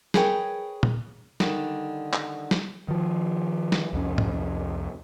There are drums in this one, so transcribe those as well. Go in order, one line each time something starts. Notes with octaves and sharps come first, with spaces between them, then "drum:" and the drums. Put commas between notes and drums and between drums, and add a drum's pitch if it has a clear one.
G#4 A#4 B4 C#5 G5, drum: snare
drum: tom
D3 D#3 G3, drum: snare
drum: clap
drum: snare
D#3 F3
drum: snare
C2 F2 C#4
drum: tom